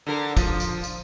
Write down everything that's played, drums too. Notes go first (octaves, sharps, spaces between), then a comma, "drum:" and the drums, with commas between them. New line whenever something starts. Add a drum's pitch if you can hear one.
D3 A#4
F3, drum: kick, tambourine
drum: tambourine
drum: tambourine